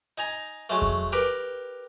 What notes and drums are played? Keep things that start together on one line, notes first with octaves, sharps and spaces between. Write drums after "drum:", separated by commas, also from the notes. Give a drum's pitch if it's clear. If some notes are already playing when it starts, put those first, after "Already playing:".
D#4 G#5 A#5
F#3 G#3 A3
drum: kick F2
G4 A#4 B4 G5